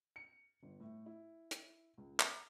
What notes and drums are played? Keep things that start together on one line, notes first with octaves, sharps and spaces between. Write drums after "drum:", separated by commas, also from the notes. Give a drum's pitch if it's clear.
C#7
G1
A2
E4
drum: hi-hat
C#2
A#5, drum: clap